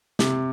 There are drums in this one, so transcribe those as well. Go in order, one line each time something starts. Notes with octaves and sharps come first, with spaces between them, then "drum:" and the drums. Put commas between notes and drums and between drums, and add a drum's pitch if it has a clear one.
C3, drum: snare